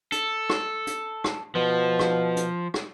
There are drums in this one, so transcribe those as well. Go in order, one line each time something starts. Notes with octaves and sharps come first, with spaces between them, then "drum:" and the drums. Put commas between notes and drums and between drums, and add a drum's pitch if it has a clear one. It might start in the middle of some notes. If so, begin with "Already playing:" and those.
A4, drum: hi-hat
drum: rim click
drum: hi-hat
drum: rim click
B2 F3
drum: rim click
drum: hi-hat
drum: rim click